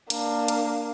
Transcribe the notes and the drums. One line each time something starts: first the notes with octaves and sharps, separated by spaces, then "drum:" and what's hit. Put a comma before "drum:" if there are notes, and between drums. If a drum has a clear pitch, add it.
A#3 D4, drum: hi-hat
drum: hi-hat